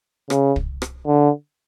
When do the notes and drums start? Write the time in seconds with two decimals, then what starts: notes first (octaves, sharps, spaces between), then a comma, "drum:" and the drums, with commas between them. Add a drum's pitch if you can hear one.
0.30 C#3, drum: rim click
0.56 drum: kick
0.82 drum: rim click
1.07 D3